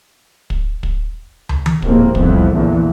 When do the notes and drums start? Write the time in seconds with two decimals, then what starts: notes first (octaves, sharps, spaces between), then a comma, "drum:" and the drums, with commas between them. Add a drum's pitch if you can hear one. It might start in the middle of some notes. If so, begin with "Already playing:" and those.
0.50 drum: kick
0.83 drum: kick
1.49 drum: tom
1.66 drum: tom D#3
1.82 A#1 D#2 A2 G#3 A#3 C4, drum: kick
2.15 C2 F2 A2 E3 B3, drum: kick
2.53 A#1 E2 A#2 D3 E3